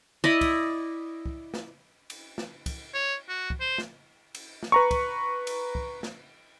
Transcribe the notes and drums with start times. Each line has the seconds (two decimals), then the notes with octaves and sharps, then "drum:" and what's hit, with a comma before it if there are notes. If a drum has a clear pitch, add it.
0.24 E4 D5 D#5
0.41 drum: kick, cymbal
1.26 drum: kick
1.54 drum: snare
2.10 drum: cymbal
2.38 drum: snare
2.66 drum: kick, cymbal
2.94 C#5
3.29 F#4
3.50 drum: kick
3.61 C5
3.78 drum: snare
4.35 drum: cymbal
4.63 drum: snare
4.72 B4 A#5 C#6
4.91 drum: kick, cymbal
5.47 drum: cymbal
5.75 drum: kick
6.03 drum: snare